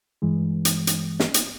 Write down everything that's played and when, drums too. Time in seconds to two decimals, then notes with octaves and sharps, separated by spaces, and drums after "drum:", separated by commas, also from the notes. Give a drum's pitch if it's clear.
0.22 G2 E3 G#3
0.65 drum: hi-hat
0.87 drum: hi-hat
1.20 drum: snare
1.34 drum: hi-hat